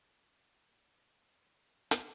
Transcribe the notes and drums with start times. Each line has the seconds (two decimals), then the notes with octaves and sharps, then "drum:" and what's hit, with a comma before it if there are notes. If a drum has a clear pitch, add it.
0.41 B3 A4
1.91 drum: hi-hat